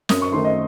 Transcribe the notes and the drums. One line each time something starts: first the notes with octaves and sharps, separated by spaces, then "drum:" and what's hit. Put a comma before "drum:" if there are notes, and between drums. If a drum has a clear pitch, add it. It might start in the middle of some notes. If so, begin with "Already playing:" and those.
F#2 D#6, drum: snare
C#6
D#3 A3 C6
D#5